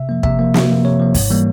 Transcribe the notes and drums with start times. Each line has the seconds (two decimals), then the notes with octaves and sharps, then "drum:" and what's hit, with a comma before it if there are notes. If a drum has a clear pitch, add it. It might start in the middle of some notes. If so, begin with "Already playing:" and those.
Already playing: C3 E5
0.09 F3 A#3
0.23 C3 E5, drum: kick
0.39 F3 A#3
0.54 C3, drum: snare
0.69 F3 A#3
0.85 C3 C#5
1.00 F3 A#3
1.14 G#2, drum: kick, open hi-hat
1.30 E3 G3 A#3